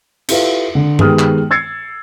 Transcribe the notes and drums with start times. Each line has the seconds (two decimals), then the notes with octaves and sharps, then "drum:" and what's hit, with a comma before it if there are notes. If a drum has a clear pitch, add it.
0.29 E4 F4 G4 A4 B4 F5, drum: cymbal
0.75 D3
0.99 D#3 G#3 B3 G4 D#6 F6, drum: tom G2
1.19 drum: clap
1.51 E6 G#6 A6 C7 C#7